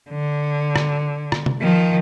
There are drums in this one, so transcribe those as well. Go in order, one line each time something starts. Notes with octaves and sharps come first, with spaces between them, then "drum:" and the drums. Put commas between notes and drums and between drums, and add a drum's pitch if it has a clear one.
D3
drum: rim click
drum: rim click
drum: tom C3
D#3 F3